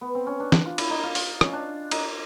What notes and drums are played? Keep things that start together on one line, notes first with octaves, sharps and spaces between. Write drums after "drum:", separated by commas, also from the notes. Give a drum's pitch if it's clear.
B3
C4
C#4
D4
D4, drum: snare
F4
E4, drum: cymbal
D#4
F4
F4, drum: open hi-hat
C#4, drum: rim click
D4
D#4, drum: cymbal